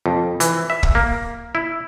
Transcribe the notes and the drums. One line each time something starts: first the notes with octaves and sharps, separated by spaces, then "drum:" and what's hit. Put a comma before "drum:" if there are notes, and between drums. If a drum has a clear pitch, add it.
F2
E3, drum: hi-hat
E5
drum: kick
A#3
E4